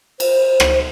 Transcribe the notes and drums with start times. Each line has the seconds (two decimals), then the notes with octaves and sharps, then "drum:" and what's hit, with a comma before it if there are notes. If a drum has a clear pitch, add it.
0.20 C5, drum: cymbal
0.60 drum: rim click